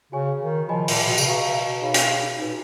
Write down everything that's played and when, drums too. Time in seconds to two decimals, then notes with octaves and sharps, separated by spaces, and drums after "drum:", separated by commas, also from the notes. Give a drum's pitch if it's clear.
0.12 C#3 F#4 C#5 G#5 C#6
0.41 D#3
0.68 F3 F4 G#4 D#5 G#5 B5
0.88 A#2, drum: open hi-hat
1.07 B2
1.18 C#3, drum: tambourine
1.25 B2 F#4 B4 F5 A#5 C#6
1.82 D#4 G#4 C#5 F5 B5
1.94 drum: hi-hat
2.38 A#2 D#4 F#4 B4